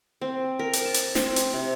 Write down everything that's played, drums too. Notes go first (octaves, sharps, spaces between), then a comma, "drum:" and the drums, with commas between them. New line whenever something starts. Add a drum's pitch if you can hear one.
C4
A#4
drum: hi-hat
A5
drum: hi-hat
C4, drum: snare
drum: hi-hat
C3